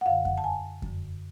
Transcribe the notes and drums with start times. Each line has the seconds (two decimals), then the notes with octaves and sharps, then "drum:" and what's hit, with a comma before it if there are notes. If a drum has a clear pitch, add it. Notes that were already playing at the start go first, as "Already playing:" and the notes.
0.01 F#5
0.06 F#2 D3 F5
0.25 F#5, drum: kick F2
0.38 A5
0.44 G#5
0.82 F#2 D3, drum: kick F2